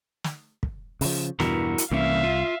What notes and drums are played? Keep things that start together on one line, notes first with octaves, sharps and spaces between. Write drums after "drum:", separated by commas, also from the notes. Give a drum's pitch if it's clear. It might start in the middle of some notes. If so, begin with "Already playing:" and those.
drum: snare
drum: kick
C#3 F3, drum: open hi-hat
E2 G2 B2 E4 F#4 A#4, drum: snare
drum: hi-hat
C2 E3 A#3 C#4 E5 F5
F4